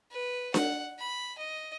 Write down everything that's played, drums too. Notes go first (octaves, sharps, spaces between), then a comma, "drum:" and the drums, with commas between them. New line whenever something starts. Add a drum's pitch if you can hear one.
B4
F#5, drum: snare D4
B5
D#5